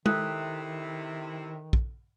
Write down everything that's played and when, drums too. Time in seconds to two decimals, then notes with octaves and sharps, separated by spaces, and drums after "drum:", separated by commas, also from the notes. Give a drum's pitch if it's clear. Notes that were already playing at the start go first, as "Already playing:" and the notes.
0.06 C3 D#3 E4 A4 D#6 F#6, drum: tom G#3
1.73 drum: kick A#1